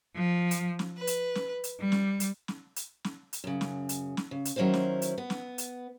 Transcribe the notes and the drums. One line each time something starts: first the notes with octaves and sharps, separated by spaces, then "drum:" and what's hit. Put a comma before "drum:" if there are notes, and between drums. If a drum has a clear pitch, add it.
F3
drum: hi-hat
drum: snare
B4
drum: hi-hat
drum: snare
drum: hi-hat
G3
drum: snare
drum: hi-hat
drum: snare
drum: hi-hat
drum: snare
drum: hi-hat
F#2 C#3
drum: snare
drum: hi-hat
drum: snare
C#3
drum: hi-hat
D#3 F#3 C#4 E4 F4 C5
drum: snare
drum: hi-hat
B3
drum: snare
drum: hi-hat